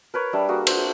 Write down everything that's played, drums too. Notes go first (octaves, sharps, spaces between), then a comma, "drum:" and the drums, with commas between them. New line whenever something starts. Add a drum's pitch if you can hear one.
A#4 B4 C#5
G3 D4 E5
A#3 F#4 G#4
C5 F#5, drum: cymbal